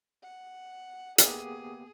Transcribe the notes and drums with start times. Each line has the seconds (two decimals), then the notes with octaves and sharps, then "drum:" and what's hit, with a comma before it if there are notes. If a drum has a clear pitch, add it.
0.23 F#5
1.18 A#3 B3 G4 G#4, drum: hi-hat